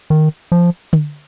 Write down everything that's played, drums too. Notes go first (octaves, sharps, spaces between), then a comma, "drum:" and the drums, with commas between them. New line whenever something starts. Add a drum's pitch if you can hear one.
D#3
F3
drum: tom D3